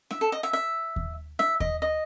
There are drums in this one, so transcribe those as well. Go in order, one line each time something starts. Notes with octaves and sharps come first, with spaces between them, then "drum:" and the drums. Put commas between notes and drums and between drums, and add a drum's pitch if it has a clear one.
E5, drum: snare
A4
D#5
E5
E5
drum: kick D#2
E5, drum: snare
D#5, drum: kick D#2
D#5